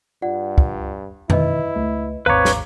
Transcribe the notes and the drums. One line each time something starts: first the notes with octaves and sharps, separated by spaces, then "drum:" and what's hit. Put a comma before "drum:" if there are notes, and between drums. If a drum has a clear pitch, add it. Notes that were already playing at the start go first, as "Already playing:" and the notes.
G2 F4 D5 F#5
drum: kick
B2 D#3 E4 B4 D#5, drum: tom F2
C#2 A3
G#1 D#2 C4 B4 C#5 F5 A#5 D6
drum: snare